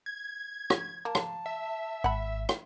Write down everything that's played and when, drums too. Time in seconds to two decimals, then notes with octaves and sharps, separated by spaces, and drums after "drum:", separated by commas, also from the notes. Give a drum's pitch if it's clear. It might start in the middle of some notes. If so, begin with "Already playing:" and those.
0.06 G#6
0.70 drum: rim click
1.05 A#3 A5
1.15 drum: rim click
1.46 E5
2.04 G#1 F#5 B5
2.49 drum: rim click